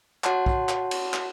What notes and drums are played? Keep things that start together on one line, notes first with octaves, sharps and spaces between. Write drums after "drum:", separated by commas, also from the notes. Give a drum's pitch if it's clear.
F#4 C#5 F#5 A5 C6, drum: clap
drum: kick
drum: clap
drum: cymbal
drum: clap